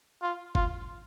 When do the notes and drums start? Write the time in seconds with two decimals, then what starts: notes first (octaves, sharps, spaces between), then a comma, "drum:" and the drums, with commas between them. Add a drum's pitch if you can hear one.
0.22 F4
0.55 F4, drum: kick